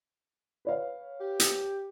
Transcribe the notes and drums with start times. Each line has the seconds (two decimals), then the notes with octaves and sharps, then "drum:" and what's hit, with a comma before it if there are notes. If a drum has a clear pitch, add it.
0.65 B4 C#5 F5
1.20 G4
1.40 drum: hi-hat